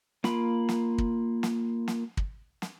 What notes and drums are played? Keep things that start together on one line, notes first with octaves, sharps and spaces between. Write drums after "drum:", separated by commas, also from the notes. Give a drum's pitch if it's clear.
A#3 F4 B5, drum: snare
drum: snare
drum: kick
drum: snare
drum: snare
drum: kick
drum: snare